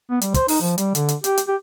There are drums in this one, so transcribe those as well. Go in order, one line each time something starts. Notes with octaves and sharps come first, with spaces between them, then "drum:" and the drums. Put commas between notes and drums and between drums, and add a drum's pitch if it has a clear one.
B3
G3, drum: hi-hat
C5, drum: kick, hi-hat
D#4, drum: open hi-hat
F3
G3, drum: hi-hat
D3, drum: hi-hat
drum: hi-hat
G4, drum: hi-hat
drum: hi-hat
G4